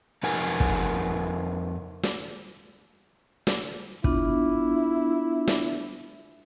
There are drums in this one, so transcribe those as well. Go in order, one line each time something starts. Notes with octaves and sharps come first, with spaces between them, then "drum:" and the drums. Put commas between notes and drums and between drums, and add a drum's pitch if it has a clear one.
F2 D#4 A#4 B4 F#5 G#5
drum: kick
drum: snare
drum: snare
B3 D4 E4 F4, drum: kick
drum: snare